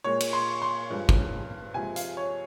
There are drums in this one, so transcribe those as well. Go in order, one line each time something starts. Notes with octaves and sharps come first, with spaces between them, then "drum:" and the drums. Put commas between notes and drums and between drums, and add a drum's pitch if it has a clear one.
A#2 G#3 C#5
drum: cymbal
C6
C6
G2 F3 G#3
drum: kick
C3 F3 G#3 G#5
F5, drum: hi-hat
C#5